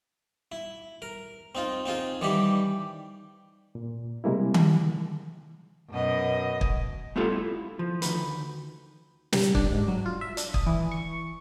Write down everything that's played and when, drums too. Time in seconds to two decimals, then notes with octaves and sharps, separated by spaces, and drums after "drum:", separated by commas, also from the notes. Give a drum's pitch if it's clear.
0.52 E4
1.02 A#4
1.55 C4 D#4 F4
1.86 C4 D#4 F4 G#4
2.22 D#3 E3 G3 G4 B5
3.75 A#2
4.24 C3 G3 G#3 A#3 E4
4.54 drum: tom D#3
5.90 F#2 B2 D#5
6.61 drum: kick
7.16 G3 A3 B3 C4 F4 A4
7.32 E4
7.79 F3
8.02 D2 D#3 B4, drum: hi-hat
9.33 G3, drum: snare
9.55 D4, drum: kick
9.72 G#2
9.88 F#3
10.06 F4
10.21 E5
10.37 D4, drum: hi-hat
10.54 D#6, drum: kick
10.66 E3
10.92 C#6